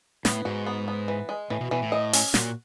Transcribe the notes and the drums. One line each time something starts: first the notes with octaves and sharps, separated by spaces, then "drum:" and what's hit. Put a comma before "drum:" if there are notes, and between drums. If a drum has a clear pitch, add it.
A2 B3, drum: snare
G#2 F#4
B3
B3
E3
G#3
A2 E3
B2
B2 E3
A2
D#5
C#4, drum: open hi-hat
A#2 F#4, drum: snare